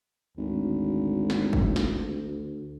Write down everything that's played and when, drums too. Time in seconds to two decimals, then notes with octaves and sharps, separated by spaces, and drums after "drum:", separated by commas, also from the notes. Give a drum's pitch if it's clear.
0.37 G#1 D2
1.30 drum: snare
1.53 drum: kick
1.76 drum: snare